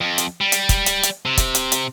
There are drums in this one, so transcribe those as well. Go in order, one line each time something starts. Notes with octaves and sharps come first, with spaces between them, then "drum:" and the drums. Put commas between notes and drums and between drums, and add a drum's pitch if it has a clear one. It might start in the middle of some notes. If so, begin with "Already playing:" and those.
F2
drum: hi-hat
G3
drum: hi-hat
drum: kick, hi-hat
drum: hi-hat
drum: hi-hat
C3
drum: kick, hi-hat
drum: hi-hat
drum: hi-hat